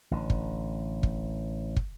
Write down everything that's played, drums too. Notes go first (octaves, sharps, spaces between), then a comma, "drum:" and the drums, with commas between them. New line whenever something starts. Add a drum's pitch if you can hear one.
A1 D3
drum: kick
drum: kick
drum: kick